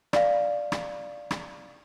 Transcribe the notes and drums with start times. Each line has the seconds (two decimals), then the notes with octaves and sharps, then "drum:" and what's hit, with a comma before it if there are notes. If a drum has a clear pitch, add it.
0.13 D5 F5, drum: rim click
0.72 drum: rim click
1.31 drum: rim click